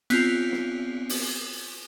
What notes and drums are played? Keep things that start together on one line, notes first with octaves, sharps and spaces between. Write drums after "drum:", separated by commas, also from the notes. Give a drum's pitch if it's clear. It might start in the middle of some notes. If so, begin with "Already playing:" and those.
B3 C4 F4, drum: cymbal
drum: snare
drum: open hi-hat